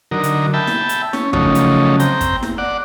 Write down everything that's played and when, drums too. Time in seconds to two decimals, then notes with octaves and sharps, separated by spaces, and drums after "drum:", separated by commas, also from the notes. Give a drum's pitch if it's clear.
0.11 D3 F#3 D#4 A#4
0.23 drum: hi-hat
0.54 E5 G5 A5 B5
0.67 drum: snare E4
0.89 drum: hi-hat
1.13 C#4, drum: snare E4
1.33 C#3 F3 F#3 A3 C#4 D#4, drum: kick
1.55 drum: hi-hat
2.00 C4 G5 A#5, drum: hi-hat
2.21 drum: kick, hi-hat
2.43 drum: snare E4
2.58 D5 F#5